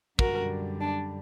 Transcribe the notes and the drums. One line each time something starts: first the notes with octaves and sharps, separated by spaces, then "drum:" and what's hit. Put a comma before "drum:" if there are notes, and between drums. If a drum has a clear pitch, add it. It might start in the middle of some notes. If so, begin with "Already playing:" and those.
F#2 D3 G3 F#4 A#4, drum: kick
D4